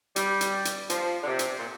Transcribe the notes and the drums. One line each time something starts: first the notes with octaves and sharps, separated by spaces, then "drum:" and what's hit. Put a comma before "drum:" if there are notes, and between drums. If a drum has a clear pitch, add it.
G3, drum: hi-hat
drum: hi-hat
drum: hi-hat
F3, drum: hi-hat
D3
C3
drum: hi-hat
A#2